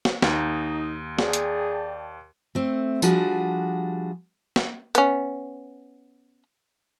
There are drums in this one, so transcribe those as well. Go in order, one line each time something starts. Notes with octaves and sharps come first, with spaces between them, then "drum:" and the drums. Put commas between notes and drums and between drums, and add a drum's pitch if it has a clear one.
drum: snare
D#2 D#4, drum: snare
G#4 D5 G5 A5, drum: snare
drum: hi-hat
A3 C4
F3 G3 D4 F#4 G#4, drum: tambourine
drum: snare
B3 C#4, drum: hi-hat